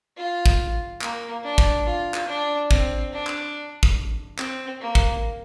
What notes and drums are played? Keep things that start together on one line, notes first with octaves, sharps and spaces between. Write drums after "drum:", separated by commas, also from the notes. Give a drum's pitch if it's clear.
F4
drum: kick
A#3, drum: clap
D4
drum: kick
F4
drum: clap
D4
C4, drum: kick
D4
drum: clap
drum: kick
C4, drum: clap
A#3
drum: kick